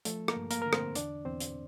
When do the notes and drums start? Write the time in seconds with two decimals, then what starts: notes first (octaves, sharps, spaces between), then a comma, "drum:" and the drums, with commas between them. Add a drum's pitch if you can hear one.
0.05 F3 A3 A4, drum: hi-hat
0.28 A#3 A#4, drum: rim click
0.36 G2
0.51 A#3 A#4, drum: hi-hat
0.62 D3 A#4
0.73 C4 C5, drum: rim click
0.95 E2 D4 D5, drum: hi-hat
1.25 E2 C4 C5
1.40 drum: hi-hat